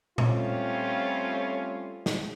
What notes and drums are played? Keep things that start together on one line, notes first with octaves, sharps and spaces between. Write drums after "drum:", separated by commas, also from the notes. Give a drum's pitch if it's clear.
G3 A3 C4 C#4 F4, drum: tom A#2
drum: snare